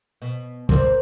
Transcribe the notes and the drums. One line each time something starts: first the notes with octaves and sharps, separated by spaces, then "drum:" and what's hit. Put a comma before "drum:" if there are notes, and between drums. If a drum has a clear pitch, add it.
B2
C4 A#4 D5, drum: kick